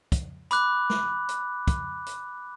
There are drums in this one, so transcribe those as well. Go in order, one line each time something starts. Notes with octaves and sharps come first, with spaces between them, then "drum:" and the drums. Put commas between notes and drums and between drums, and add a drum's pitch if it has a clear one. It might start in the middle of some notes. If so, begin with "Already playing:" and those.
drum: kick, hi-hat
B5 D6 F#6, drum: hi-hat
drum: snare
drum: hi-hat
drum: kick, hi-hat
drum: hi-hat